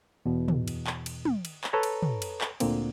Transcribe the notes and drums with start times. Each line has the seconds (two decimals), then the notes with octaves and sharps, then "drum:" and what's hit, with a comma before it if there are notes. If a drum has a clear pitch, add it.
0.25 E2 B2
0.48 drum: tom
0.68 drum: cymbal
0.87 drum: clap
1.06 drum: cymbal
1.25 drum: tom
1.45 drum: cymbal
1.64 drum: clap
1.73 A4 B4 C#5 A#5
1.83 drum: cymbal
2.02 drum: tom
2.22 drum: cymbal
2.41 drum: clap
2.60 D2 A#2 D3 A#3 C4, drum: cymbal